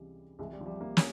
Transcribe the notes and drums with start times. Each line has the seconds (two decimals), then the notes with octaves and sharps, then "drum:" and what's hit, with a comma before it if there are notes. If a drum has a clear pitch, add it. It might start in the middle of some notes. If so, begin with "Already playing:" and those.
Already playing: C#2 C3 E3 G3
0.39 C2 C3 E3 G#3
0.53 G3
0.61 F3
0.66 G3
0.81 A#3
0.97 C#4, drum: snare